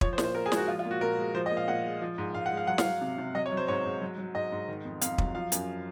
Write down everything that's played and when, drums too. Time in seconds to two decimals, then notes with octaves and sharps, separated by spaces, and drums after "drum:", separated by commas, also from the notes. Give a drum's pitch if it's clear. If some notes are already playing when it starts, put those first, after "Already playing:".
0.01 F3 C#5, drum: kick
0.13 C5
0.18 A#2, drum: snare
0.24 C5
0.35 A#2 A#4
0.46 G#4
0.52 G#3, drum: snare
0.57 F#4
0.68 F3 F4
0.79 F4
0.85 A#2
0.91 F#4
1.01 A#2 A#4
1.18 G#3
1.35 F3 C5
1.46 D#5
1.51 A#2
1.57 F5
1.68 A#2 F#5
1.85 G#3
2.01 F3
2.18 G#2
2.34 G#2 F5
2.46 F#5
2.52 G#3
2.57 F5
2.67 F#3 F#5
2.78 F5, drum: snare
2.85 F#3
3.01 C3
3.18 C3
3.35 F#3 D#5
3.46 C#5
3.52 F#3
3.57 C5
3.68 G#2 C#5
3.85 G#2
4.02 F#3
4.18 F#3
4.35 G#2 D#5
4.52 G#2
4.68 D#3
4.85 F2
5.01 F2 F5, drum: hi-hat
5.18 F#3, drum: kick
5.35 F3 F5
5.52 F#2, drum: hi-hat